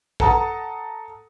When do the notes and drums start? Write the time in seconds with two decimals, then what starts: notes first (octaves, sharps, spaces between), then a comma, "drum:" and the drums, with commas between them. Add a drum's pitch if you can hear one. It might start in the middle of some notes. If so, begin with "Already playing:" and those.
0.20 A4 F#5 A5 A#5 D#6, drum: kick A#1